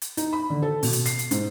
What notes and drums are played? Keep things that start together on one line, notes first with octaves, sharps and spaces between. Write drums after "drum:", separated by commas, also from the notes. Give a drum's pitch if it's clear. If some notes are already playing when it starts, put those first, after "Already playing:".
drum: hi-hat
D#4, drum: hi-hat
B5
D3
A4
B2, drum: open hi-hat
drum: hi-hat
C7, drum: hi-hat
drum: hi-hat
G#2, drum: hi-hat